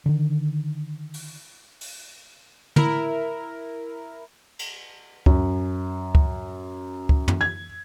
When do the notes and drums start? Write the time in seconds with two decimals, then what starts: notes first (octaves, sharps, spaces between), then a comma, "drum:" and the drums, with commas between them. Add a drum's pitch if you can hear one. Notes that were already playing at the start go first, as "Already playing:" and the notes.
0.06 D3 D#3
1.14 drum: open hi-hat
1.81 drum: open hi-hat
2.76 E4 A#4, drum: tom
4.59 drum: cymbal
5.26 F#2, drum: kick C#2
6.15 drum: kick C#2
7.09 drum: kick C#2
7.28 drum: tom
7.41 G#6